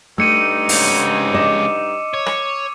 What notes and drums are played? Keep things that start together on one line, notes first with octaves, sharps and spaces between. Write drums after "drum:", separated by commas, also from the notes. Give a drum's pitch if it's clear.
G2 A3 D#4 E6 C#7 D#7
G#2 C#3, drum: open hi-hat
D#5 D6 E7
C#5
drum: rim click